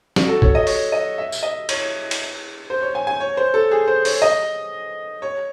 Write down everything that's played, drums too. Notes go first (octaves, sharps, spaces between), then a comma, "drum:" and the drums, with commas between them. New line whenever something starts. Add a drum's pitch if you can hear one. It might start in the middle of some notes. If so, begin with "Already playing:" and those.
F#4, drum: snare
A4
C#5, drum: kick
D#5
C#5, drum: open hi-hat
D#5
E5
drum: tambourine
D#5
C#5, drum: cymbal
drum: cymbal
C5
C#5
G#5
G#5
C#5
C5
A4
G#4
C5
C#5, drum: open hi-hat
D#5
C#5